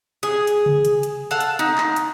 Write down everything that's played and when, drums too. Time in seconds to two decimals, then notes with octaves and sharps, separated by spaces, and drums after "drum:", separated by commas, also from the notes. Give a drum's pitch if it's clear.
0.23 G#4
0.47 drum: hi-hat
0.66 drum: tom C3
0.85 drum: hi-hat
1.03 drum: hi-hat
1.31 A4 F5 F#5
1.41 drum: hi-hat
1.59 D#4
1.78 drum: clap
1.96 drum: hi-hat